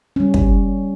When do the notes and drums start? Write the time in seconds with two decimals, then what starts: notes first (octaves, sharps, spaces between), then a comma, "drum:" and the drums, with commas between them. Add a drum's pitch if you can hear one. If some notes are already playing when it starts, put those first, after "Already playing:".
0.16 G3 C#4
0.34 drum: kick